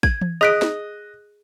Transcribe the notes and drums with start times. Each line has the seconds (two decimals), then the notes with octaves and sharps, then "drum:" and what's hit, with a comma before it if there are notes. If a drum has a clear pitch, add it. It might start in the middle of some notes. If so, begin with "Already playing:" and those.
0.03 G#6, drum: kick
0.21 drum: tom E3
0.41 G#4 D#5 F#6 B6 D7
0.62 drum: snare